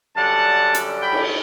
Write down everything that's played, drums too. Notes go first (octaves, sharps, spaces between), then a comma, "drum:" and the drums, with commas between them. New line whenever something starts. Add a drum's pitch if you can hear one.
F#2 D3 G3 F#5 A5
drum: hi-hat
G5 B5
drum: cymbal